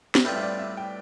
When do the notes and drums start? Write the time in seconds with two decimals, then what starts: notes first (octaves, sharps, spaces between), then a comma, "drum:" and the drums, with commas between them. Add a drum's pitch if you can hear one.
0.15 C5, drum: snare
0.24 A2 G3 C4 F4 B4
0.35 E5
0.42 D5
0.59 E5
0.77 G5